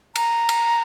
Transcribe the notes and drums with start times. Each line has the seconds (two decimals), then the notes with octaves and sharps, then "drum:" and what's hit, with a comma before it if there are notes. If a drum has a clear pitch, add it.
0.16 A#5, drum: cymbal
0.49 drum: cymbal